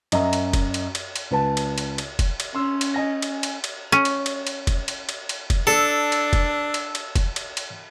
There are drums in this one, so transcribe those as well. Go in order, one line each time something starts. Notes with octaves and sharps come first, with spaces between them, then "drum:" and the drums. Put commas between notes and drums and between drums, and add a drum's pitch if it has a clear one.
F#2 D#5 E5 A#5, drum: cymbal
drum: cymbal
drum: kick F1, cymbal
drum: cymbal
drum: cymbal
drum: cymbal
C#2 B4 A5
drum: cymbal
drum: cymbal
drum: cymbal
drum: kick F1, cymbal
drum: cymbal
C#4 C6 E6
drum: cymbal
D#5 G#5 A#6
drum: cymbal
drum: cymbal
drum: cymbal
C#4
drum: cymbal
drum: cymbal
drum: cymbal
drum: kick F1, cymbal
drum: cymbal
drum: cymbal
drum: cymbal
drum: kick F1, cymbal
D4 A4 E6
drum: cymbal
drum: kick F1, cymbal
drum: cymbal
drum: cymbal
drum: kick F1, cymbal
drum: cymbal
drum: cymbal